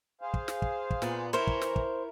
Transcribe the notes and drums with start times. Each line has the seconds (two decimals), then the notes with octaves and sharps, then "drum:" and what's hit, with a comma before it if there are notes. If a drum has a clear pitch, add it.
0.21 G#4 C5 F5
0.34 drum: kick
0.48 drum: snare
0.62 drum: kick
0.90 drum: kick
1.02 A#2 B3 D5, drum: snare
1.33 E3 E4 A#4 C5 C#5 A#5
1.47 drum: kick
1.62 drum: snare
1.76 drum: kick